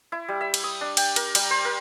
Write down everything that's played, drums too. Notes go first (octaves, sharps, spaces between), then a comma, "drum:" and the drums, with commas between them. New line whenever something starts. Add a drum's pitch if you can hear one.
E4
G3
E5
drum: cymbal
D#6
D4
G5, drum: cymbal
A#4, drum: cymbal
G3, drum: cymbal
C5
A#4